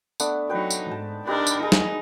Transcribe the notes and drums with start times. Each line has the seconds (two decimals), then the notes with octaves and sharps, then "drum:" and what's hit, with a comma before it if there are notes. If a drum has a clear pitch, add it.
0.20 A3 B3 D4, drum: tambourine
0.50 F#3 D#4 B4 G5
0.70 drum: tambourine
0.91 G#2 A5
1.27 D4 D#4 G4 A#4 B4
1.47 drum: tambourine
1.63 D#4 G#4
1.72 drum: snare